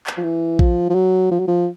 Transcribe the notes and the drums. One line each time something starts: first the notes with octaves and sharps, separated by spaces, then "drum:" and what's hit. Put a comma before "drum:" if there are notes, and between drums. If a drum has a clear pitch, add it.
drum: clap
F3
E3
F3, drum: kick A#1
F3
F#3
F3
F#3
F3